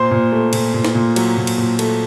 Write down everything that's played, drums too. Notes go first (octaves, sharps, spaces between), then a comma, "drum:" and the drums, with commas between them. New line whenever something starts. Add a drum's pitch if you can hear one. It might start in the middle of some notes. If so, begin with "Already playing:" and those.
Already playing: A#2 C5 C6
A#2
A3
A#2, drum: cymbal
A#2
drum: snare
A#2
F#3, drum: cymbal
A#2
drum: cymbal
A#2
A3, drum: cymbal